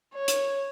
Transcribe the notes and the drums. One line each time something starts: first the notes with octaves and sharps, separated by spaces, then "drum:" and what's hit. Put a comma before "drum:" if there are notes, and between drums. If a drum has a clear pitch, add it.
C#5
drum: hi-hat